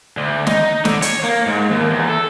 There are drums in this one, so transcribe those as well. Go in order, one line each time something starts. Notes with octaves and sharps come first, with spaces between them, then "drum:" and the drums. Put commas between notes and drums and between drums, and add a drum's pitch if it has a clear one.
D2
D#4, drum: snare
D3, drum: snare
C#5, drum: hi-hat
A#3
G#2
D#2
E2
A4